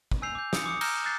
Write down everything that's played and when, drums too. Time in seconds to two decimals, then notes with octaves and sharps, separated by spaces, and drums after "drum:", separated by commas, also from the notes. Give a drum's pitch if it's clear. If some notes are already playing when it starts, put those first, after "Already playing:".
0.11 drum: kick
0.22 G#5 E6 G6 C7 F7
0.35 D6 G6
0.53 D#6 C#7, drum: snare
0.66 D6 D#6 C#7
0.81 A#5 E6 F6 G6 A#6 G7, drum: cymbal
1.04 D6 F#6 G6 A6 C7